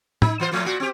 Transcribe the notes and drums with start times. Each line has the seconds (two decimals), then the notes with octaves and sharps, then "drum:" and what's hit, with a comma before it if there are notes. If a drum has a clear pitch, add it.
0.22 D#4, drum: tom
0.40 E3 F4 C5
0.51 A#2 F3 A3
0.65 A#2 F#4
0.80 C4 G4